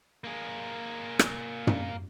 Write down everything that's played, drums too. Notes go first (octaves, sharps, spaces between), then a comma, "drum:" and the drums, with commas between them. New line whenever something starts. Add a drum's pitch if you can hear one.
A#3 G#4
drum: rim click
drum: tom